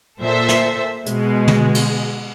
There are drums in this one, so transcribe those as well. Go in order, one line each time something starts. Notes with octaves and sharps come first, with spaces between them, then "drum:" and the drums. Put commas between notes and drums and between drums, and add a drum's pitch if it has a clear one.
A#2 A4 C5 E5
drum: snare
B2 G#3, drum: hi-hat
drum: tom
drum: cymbal